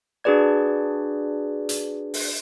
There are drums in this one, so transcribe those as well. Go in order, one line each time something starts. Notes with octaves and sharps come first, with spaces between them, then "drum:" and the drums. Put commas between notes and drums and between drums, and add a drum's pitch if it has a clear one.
D4 F#4 G#4 B4 D5 G#6
drum: hi-hat
drum: open hi-hat